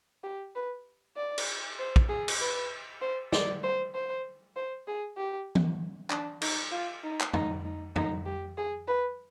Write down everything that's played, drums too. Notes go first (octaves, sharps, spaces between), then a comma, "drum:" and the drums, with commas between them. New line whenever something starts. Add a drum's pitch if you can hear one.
G4
B4
D5
drum: cymbal
C5
drum: kick
G#4
drum: cymbal
B4
C5
D5, drum: snare
C5
C5
C5
G#4
G4
drum: tom E3
D4, drum: clap
D#4, drum: cymbal
F4
D#4
drum: clap
D#4, drum: tom F2
D#4
D#4, drum: tom F2
G4
G#4
B4